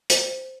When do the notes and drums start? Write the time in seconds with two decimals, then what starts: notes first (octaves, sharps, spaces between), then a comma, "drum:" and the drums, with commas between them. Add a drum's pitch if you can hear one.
0.10 C5, drum: hi-hat